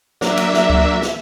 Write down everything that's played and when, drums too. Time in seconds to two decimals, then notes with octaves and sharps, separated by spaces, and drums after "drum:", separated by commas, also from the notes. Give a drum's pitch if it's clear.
0.21 F#3 A#3 D4 E5, drum: snare
0.37 drum: cymbal
0.54 drum: snare
0.70 drum: kick C#2
1.02 drum: snare